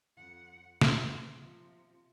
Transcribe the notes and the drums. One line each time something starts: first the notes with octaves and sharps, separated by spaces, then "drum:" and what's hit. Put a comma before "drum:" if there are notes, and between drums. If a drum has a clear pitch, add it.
F2 F#5
D#2 C4, drum: snare
C3 F3